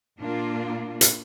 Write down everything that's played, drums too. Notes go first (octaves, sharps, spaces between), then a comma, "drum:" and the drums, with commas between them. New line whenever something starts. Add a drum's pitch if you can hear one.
A#2 A#3 D4 F4
drum: hi-hat